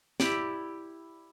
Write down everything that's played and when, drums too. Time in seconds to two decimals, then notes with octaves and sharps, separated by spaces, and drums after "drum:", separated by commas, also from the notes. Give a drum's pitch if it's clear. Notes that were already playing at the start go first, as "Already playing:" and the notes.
0.20 E4 G4 D5, drum: snare